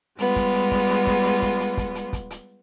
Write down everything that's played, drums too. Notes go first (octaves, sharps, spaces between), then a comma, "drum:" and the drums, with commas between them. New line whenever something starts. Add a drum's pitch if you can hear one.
G3 G#3 B3 F4, drum: hi-hat
drum: kick, hi-hat
drum: hi-hat
drum: kick, hi-hat
drum: hi-hat
drum: kick, hi-hat
drum: hi-hat
drum: kick, hi-hat
drum: hi-hat
drum: kick, hi-hat
drum: hi-hat
drum: kick, hi-hat
drum: hi-hat